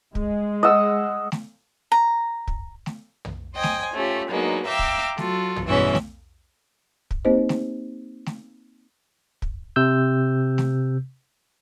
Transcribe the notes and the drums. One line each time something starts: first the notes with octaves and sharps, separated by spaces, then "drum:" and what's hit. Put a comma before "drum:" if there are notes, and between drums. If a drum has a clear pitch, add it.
G#3, drum: kick
D#5 F#5 E6
drum: snare A3
A#5
drum: kick
drum: snare A3
drum: tom
C5 D#5 G5 G#5
drum: snare A3
A3 C#4 F4 G4
F#3 G#3 A#3 B3 D4 D#4
E5 F5 G5 A#5 D6 E6
drum: kick
F#3 F4 F#4 A4, drum: snare A3
drum: tom
G2 B2 E3 G#3 C#4 E5
drum: snare A3
drum: kick
A#3 C4 D#4 G4 C5 D#5
drum: snare A3
drum: snare A3
drum: kick
C3 E6 G6
drum: snare A3